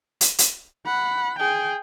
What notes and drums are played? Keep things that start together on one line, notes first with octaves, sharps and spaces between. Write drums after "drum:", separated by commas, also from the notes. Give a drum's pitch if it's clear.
drum: hi-hat
drum: hi-hat
F#5 B5
G#4 G5